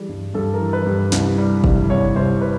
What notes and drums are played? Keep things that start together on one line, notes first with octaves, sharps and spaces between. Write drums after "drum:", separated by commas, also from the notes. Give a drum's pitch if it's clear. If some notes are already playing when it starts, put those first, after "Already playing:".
Already playing: E3 G3 G#4
G2
G2 A4
A#4
E3
B4
G2
C2, drum: snare
G3
C2, drum: kick
C2 C#5
C2 C5
B4